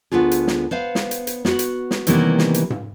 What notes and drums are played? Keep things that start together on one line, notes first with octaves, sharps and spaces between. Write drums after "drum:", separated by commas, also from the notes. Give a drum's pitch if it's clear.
D2 B3 D4 F4 G#4
drum: hi-hat
drum: snare
B3 C5 F5
drum: snare
drum: hi-hat
drum: hi-hat
B3 F#4, drum: snare
drum: hi-hat
drum: snare
C3 D#3 E3 G3 A#3 B3, drum: hi-hat
drum: snare
drum: hi-hat
drum: tom G#2